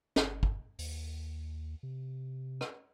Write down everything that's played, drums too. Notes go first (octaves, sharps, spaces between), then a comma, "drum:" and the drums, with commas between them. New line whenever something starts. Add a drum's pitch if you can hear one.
G1, drum: snare
drum: kick
D#2, drum: open hi-hat
C3
drum: rim click